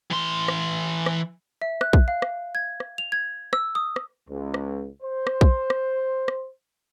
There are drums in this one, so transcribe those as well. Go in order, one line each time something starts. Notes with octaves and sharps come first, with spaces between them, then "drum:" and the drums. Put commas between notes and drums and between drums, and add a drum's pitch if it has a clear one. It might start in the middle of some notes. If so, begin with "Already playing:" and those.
E3 C6
drum: rim click
drum: rim click
E5
F#6, drum: rim click
drum: kick
F5
drum: rim click
G#6
drum: rim click
F7
G#6
E6, drum: rim click
D#6
drum: rim click
C#2
drum: rim click
C5
drum: rim click
drum: kick
drum: rim click
drum: rim click